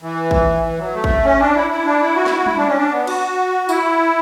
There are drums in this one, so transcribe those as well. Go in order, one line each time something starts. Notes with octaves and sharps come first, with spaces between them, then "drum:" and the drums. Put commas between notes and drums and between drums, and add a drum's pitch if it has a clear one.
E3
drum: kick
E3
F#3
A3
drum: kick
C#4
D4
E4
E4
D4
E4
F#4
E4, drum: snare
F#4
E4, drum: tom G3
D4
C#4
D4
B3
F#4, drum: cymbal
E4, drum: tambourine